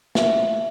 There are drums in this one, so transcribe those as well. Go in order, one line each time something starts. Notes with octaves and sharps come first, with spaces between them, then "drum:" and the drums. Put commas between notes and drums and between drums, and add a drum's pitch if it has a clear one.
E5, drum: snare